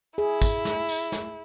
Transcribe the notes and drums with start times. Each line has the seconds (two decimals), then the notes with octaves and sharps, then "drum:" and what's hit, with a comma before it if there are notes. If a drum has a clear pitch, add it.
0.18 E4 G#4
0.42 drum: kick, tambourine
0.65 drum: snare
0.89 drum: tambourine
1.12 drum: snare